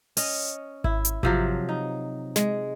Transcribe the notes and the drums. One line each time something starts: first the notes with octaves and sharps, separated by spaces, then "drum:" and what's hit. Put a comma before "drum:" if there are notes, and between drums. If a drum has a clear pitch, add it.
C#4 D#5, drum: open hi-hat
E4, drum: kick G#1
drum: hi-hat
C3 F3 F#3, drum: kick G#1
D#4
G#3, drum: snare